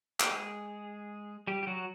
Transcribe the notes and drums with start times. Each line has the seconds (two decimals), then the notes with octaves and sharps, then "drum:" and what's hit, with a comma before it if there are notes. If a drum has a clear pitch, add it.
0.20 G4, drum: clap
0.31 G#3 G#4
1.47 G3 G4
1.63 G4
1.67 F#3 F#4